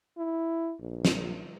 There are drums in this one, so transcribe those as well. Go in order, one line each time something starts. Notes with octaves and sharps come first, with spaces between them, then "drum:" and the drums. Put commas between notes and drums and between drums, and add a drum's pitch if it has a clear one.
E4
A#1
drum: snare